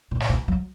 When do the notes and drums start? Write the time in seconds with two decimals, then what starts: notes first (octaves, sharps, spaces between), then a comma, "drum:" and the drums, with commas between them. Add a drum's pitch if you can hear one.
0.11 B2
0.20 drum: snare
0.29 B2
0.48 F#3